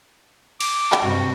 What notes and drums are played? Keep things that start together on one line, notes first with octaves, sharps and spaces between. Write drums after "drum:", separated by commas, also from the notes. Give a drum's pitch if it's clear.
D6, drum: cymbal
drum: clap
G2 C3 F#4